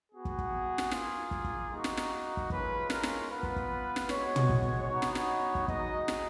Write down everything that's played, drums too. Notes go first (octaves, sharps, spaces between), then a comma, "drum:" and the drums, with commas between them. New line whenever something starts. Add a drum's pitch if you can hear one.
B3 F#4 G#4
drum: kick
drum: kick
drum: snare
A#3 F4, drum: snare
drum: kick
drum: kick
A#3 D#4 F#4
drum: snare
drum: snare
drum: kick
G#3 C#4 F4 B4, drum: kick
A#4, drum: snare
drum: snare
B3 F4 B4
drum: kick
drum: kick
drum: snare
G#3 B3 F#4 C#5, drum: snare
drum: tom
drum: kick
drum: kick
B3 D#4 F#4 C#5
drum: snare
drum: snare
drum: kick
G#3 D#4 F#4 D#5, drum: kick
drum: snare